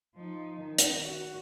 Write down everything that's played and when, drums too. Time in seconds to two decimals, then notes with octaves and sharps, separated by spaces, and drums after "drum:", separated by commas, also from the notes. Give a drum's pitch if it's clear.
0.16 F3 D#4
0.61 D#3
0.78 drum: hi-hat
1.00 F#4